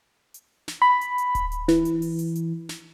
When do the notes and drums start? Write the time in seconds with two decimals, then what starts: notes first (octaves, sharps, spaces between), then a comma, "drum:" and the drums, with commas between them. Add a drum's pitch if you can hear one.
0.34 drum: hi-hat
0.68 drum: snare
0.82 B5
1.01 drum: hi-hat
1.18 drum: hi-hat
1.35 drum: kick D1, hi-hat
1.52 drum: hi-hat
1.68 E3, drum: snare
1.85 drum: hi-hat
2.02 drum: open hi-hat
2.19 drum: hi-hat
2.35 drum: hi-hat
2.69 drum: snare